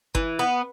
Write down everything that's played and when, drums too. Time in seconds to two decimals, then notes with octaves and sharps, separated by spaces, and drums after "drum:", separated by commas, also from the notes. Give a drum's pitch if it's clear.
0.15 E3, drum: kick G1
0.39 B3